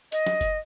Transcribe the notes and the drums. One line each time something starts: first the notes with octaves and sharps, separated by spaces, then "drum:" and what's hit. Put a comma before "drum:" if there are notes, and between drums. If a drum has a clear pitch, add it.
D#5, drum: hi-hat
drum: snare
drum: kick F#1, hi-hat